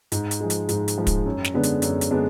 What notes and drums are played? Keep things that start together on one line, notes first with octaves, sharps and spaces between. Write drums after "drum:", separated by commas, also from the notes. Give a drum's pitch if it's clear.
G#2, drum: hi-hat
drum: hi-hat
F3 G#3
drum: hi-hat
G#2, drum: hi-hat
drum: hi-hat
F3 G#3
drum: kick, hi-hat
F#2
drum: snare
D3 G#3 B3 D4
drum: hi-hat
F#2, drum: hi-hat
drum: hi-hat
D3 G#3 B3 D4